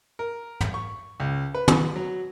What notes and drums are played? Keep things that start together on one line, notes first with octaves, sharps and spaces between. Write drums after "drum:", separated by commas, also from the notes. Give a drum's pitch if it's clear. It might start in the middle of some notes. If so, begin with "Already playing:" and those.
A#4
drum: tom
C#6
C#2
B4
drum: tom
F#3